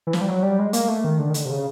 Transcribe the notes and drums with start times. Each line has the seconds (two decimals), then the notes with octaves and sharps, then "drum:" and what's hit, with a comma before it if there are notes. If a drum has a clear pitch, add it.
0.07 E3
0.13 F3, drum: snare
0.21 G3
0.28 F#3
0.43 G3
0.59 G#3
0.73 A#3, drum: hi-hat
0.88 A3
1.04 D#3
1.19 D3
1.30 D#3
1.34 D3, drum: hi-hat
1.45 C3
1.50 C#3